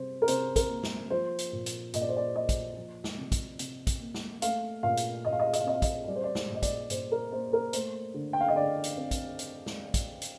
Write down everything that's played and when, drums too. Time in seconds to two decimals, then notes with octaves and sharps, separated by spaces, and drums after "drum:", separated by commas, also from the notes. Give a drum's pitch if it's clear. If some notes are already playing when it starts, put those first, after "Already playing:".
Already playing: C3 G3 C5
0.22 A#4
0.28 C3 C5, drum: hi-hat
0.56 A#4, drum: kick, hi-hat
0.69 A#3
0.83 drum: snare
1.10 F3 C5
1.39 drum: hi-hat
1.52 A#2
1.66 drum: hi-hat
1.94 A#2 D#5, drum: hi-hat
2.01 D5
2.09 C5
2.17 D5
2.35 A#3 D#5
2.49 drum: kick, hi-hat
2.77 F3
3.04 drum: snare
3.18 C3
3.32 drum: kick, hi-hat
3.59 C3, drum: hi-hat
3.87 drum: kick, hi-hat
4.01 A#3
4.14 drum: snare
4.42 A3 F5, drum: hi-hat
4.83 A#2 F5
4.97 drum: hi-hat
5.25 A#2 D#5
5.33 F5
5.40 D#5
5.46 F5
5.53 D#5, drum: hi-hat
5.60 F5
5.67 C4 D#5
5.74 F5
5.82 D#5, drum: kick, hi-hat
6.08 G3 D5
6.16 C5
6.24 D5
6.35 drum: snare
6.49 A#2
6.55 D#5
6.62 D5, drum: kick, hi-hat
6.90 A#2 C5, drum: hi-hat
7.12 A#4
7.32 A#3 C5
7.53 A#4
7.73 A3 C5, drum: hi-hat
8.14 D3
8.33 G5
8.40 F5
8.48 D#5
8.56 D3 D5
8.84 drum: hi-hat
8.97 C4
9.11 drum: kick, hi-hat
9.39 drum: hi-hat
9.66 drum: snare
9.94 drum: kick, hi-hat
10.22 drum: hi-hat